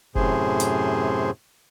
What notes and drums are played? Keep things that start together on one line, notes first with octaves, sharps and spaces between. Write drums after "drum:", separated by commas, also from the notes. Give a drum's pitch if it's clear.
F#2 A2 C3 G#4 C5, drum: kick
drum: hi-hat